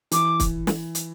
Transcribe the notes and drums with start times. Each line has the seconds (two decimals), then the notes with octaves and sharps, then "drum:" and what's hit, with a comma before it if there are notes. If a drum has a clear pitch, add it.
0.11 E3 D6, drum: hi-hat
0.40 drum: kick, hi-hat
0.67 drum: snare
0.95 drum: hi-hat